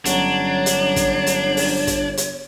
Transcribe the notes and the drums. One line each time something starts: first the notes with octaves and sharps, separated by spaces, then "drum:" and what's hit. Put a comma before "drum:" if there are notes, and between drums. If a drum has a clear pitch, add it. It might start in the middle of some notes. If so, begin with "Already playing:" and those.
G1 F#3 C#4 D4 C#5 A#5, drum: hi-hat
drum: hi-hat
drum: kick, hi-hat
drum: hi-hat
drum: open hi-hat
drum: kick, hi-hat
drum: hi-hat